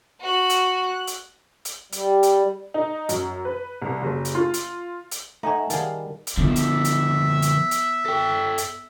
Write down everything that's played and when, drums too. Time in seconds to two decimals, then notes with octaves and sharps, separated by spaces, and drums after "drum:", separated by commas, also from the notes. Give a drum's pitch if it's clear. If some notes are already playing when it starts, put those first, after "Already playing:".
0.21 F#4 F#6
0.50 drum: hi-hat
0.86 F#6
1.07 drum: hi-hat
1.65 drum: hi-hat
1.92 G3, drum: hi-hat
2.23 drum: hi-hat
2.74 D#4
3.09 F#2, drum: hi-hat
3.45 B4
3.82 C2
4.02 F#1
4.25 drum: hi-hat
4.35 F4
4.54 drum: hi-hat
5.11 drum: hi-hat
5.43 A3 D#4 D#5 E5 F#5 G#5
5.70 D#3 G3 G#4 F5 A5, drum: hi-hat
6.27 drum: hi-hat
6.37 D3 F3 B3 E5
6.56 drum: hi-hat
6.85 drum: hi-hat
7.42 drum: hi-hat
7.71 drum: hi-hat
8.06 A4 G5
8.58 drum: hi-hat